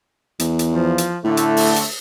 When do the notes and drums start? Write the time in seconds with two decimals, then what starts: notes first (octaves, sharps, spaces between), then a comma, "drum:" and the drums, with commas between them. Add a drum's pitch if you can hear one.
0.39 E2, drum: hi-hat
0.59 drum: hi-hat
0.73 F3
0.98 drum: hi-hat
1.24 A2 D3 A3
1.37 drum: hi-hat
1.57 drum: open hi-hat
1.76 drum: hi-hat